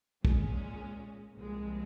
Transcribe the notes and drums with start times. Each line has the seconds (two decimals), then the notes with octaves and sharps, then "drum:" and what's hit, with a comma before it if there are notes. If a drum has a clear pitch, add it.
0.25 A#2 G#3 C#4, drum: kick
1.36 C2 A#2 F3 G#3